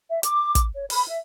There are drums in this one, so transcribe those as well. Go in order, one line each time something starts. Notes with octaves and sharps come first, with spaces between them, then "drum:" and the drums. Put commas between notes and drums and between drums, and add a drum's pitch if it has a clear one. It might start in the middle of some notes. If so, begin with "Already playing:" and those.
E5
D6, drum: hi-hat
drum: kick, hi-hat
C#5
B5, drum: open hi-hat
E5